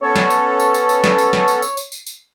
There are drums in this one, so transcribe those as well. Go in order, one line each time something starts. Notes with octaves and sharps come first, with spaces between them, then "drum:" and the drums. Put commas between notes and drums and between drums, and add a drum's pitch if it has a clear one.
B3 C#4 A4 C#5
drum: snare
drum: tambourine
drum: tambourine
drum: tambourine
drum: tambourine
drum: snare
drum: tambourine
drum: snare
drum: tambourine
drum: tambourine
drum: tambourine
drum: tambourine
drum: tambourine